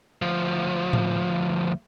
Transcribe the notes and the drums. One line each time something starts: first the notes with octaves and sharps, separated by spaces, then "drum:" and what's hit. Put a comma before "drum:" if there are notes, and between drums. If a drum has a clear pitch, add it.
D2 F3
drum: tom A2